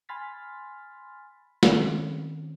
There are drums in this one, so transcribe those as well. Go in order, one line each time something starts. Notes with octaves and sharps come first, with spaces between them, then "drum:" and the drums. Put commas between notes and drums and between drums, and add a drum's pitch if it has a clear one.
G#5 B5 C6 F6 A6 B6
D#3 C4 C#4, drum: snare